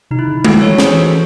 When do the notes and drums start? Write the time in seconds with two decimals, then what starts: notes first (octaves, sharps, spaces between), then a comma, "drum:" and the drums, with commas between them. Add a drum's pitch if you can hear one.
0.11 C3 D#4
0.19 E4
0.28 C#3
0.45 D#3 F#4 A4, drum: tom G#3
0.57 E3
0.61 A4 C#5
0.78 G#4 C5, drum: snare
0.82 E3
0.95 F#4 A4